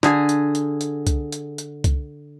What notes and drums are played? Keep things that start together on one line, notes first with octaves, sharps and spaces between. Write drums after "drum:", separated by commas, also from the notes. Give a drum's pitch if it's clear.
D3 G#4, drum: snare
drum: hi-hat
drum: hi-hat
drum: hi-hat
drum: kick C2, hi-hat
drum: hi-hat
drum: hi-hat
drum: kick C2, hi-hat